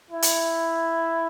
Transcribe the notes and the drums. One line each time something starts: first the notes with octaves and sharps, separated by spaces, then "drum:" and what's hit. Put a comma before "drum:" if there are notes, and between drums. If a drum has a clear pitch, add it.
E4
drum: hi-hat